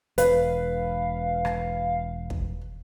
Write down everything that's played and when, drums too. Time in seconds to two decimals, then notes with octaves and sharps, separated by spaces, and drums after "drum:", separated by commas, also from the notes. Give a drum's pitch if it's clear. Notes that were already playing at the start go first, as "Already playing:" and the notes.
0.18 E1 B4 F5, drum: hi-hat
1.45 drum: rim click
2.30 drum: kick